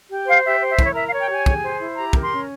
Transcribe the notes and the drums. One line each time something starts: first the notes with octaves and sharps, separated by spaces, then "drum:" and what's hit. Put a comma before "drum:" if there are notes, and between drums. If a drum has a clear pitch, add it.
G4
C5 F5
G4 E5
C5
E5
E4, drum: kick
C#5
A#4 E5
F5
C#5
G5
G4 G#5
G#4, drum: kick
C5
E4
G4 A#5
A#4, drum: kick
C6
C#4